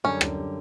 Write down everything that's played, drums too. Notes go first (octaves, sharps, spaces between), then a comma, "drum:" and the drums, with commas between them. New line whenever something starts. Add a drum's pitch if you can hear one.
F#2 D3 G3 C#4
drum: rim click